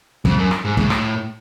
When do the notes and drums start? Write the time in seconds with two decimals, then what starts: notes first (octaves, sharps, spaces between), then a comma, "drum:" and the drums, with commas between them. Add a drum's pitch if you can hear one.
0.25 F2, drum: kick
0.38 F#2
0.51 drum: rim click
0.65 G#2
0.77 A2, drum: kick
0.90 drum: rim click